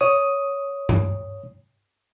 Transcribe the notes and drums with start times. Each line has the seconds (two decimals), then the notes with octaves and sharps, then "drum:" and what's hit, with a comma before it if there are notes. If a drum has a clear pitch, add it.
0.01 C#5 D#6
0.89 drum: tom G2